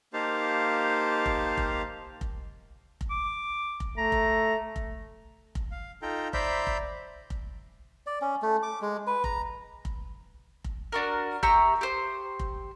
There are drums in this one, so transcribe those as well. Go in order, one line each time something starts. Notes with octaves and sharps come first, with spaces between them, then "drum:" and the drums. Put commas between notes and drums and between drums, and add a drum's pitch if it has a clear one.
A#3 D#4 G4 C5 F5 A5
drum: kick F1
drum: kick F1
drum: kick F1
drum: kick F1
D6
drum: kick F1
A3 A#5
drum: kick F1
drum: kick F1
drum: kick F1
F5
D#4 F4 A4 G5 A#5
C5 D5 E5 A#5 B5 G6, drum: kick F1
drum: kick F1
drum: kick F1
D5
C#4
A3
D6
G#3
B4
A#5, drum: kick F1
drum: kick F1
drum: kick F1
D4 F#4 A#4
G4 E5 A#5 C#6, drum: kick F1
G4 C5
drum: kick F1